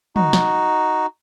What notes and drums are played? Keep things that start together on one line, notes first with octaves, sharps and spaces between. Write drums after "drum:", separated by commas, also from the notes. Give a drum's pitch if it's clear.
D#4 F#4, drum: tom
drum: snare